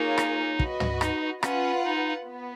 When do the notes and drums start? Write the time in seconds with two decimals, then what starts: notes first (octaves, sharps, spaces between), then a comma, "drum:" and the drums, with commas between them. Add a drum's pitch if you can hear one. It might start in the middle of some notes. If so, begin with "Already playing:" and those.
Already playing: A#3 D#4 F4 G#4 C#5
0.18 drum: rim click
0.59 F#4 B4 D#5, drum: kick
0.80 drum: tom
1.01 D#4, drum: rim click
1.43 C#4 F4 B4 F#5, drum: rim click
1.84 D#4
2.26 B3